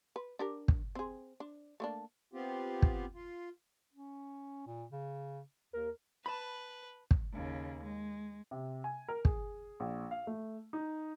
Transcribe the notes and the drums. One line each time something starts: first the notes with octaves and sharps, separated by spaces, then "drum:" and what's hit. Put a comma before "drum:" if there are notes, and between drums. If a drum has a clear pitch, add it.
B4
D4 G4 A#4
drum: kick
C4 G#4
D4
A3 A#3 D4
B3 C4 F4 G4
drum: kick
F4
C#4
A#2
C#3
D#2 A#4
B4 A5 B5
drum: kick
D#2 C#3
G#3
C3
G#5
A#4
G#4, drum: kick
A#1
F5
A3
D#4